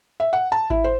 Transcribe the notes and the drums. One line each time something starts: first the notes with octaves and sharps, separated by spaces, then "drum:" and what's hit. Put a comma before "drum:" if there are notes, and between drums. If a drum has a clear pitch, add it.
E5
F#5
A5
E4, drum: kick G#1
C5